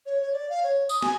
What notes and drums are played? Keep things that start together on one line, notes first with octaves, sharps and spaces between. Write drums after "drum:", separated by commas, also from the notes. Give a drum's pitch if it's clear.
C#5
C#5
D5
F5
C#5
D#6, drum: tambourine
G#5, drum: snare